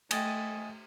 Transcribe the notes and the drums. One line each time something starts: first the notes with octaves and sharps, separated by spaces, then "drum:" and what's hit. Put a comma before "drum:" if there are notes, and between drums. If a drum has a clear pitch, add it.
A3 A#4 D#5 G5 G#5 D#6 A6, drum: cymbal